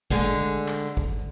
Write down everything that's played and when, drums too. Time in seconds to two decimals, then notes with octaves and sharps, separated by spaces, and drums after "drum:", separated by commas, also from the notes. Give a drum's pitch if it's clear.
0.10 D3 G#3, drum: kick
0.68 drum: clap
0.97 drum: kick